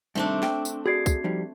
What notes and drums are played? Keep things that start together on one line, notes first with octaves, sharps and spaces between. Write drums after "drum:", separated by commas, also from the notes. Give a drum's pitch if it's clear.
G2 C3 D#3 A3 C4 D4
G5, drum: snare
drum: tambourine
F#4 G#4 D5 G#6 C7
drum: kick, tambourine
F3 G3 D#4